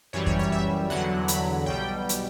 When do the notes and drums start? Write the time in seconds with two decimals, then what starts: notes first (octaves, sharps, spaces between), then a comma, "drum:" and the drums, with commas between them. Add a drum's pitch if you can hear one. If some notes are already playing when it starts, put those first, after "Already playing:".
0.13 F#2 E3 G3 C#5
0.26 C#5, drum: kick
0.39 C#5
0.52 E5
0.90 E2 D3 F#3 F#5
1.28 B5, drum: hi-hat
1.66 B1 B2 G3 G5
2.09 drum: hi-hat